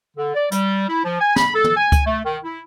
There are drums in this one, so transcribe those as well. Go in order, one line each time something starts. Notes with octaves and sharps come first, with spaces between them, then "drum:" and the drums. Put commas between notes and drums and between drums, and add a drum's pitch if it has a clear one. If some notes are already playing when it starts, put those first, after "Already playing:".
D3
D5
G3, drum: hi-hat
E4
F3
G#5
B5, drum: snare
A4
drum: tom
G#5
drum: kick C#2, hi-hat
A3
D#3
E4